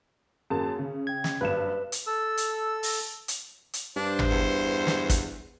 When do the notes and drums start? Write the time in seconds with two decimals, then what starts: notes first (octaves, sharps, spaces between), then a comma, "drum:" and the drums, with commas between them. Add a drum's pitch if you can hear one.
0.50 F#2 A#3 G#4 A5
0.79 C#3
1.07 G5 G#6
1.24 drum: snare
1.41 F#1 G2 B4 E7
1.92 drum: hi-hat
2.07 A4 E6
2.37 drum: hi-hat
2.83 drum: open hi-hat
3.28 drum: hi-hat
3.74 drum: hi-hat
3.96 G2 D4 C5
4.19 drum: tom G#1
4.30 E2
4.87 drum: snare
5.10 drum: kick, hi-hat